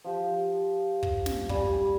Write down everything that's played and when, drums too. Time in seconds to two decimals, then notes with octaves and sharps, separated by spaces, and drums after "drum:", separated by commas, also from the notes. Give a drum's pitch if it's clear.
0.04 F3 G4
1.03 drum: kick
1.26 drum: snare
1.49 G3 G#5, drum: kick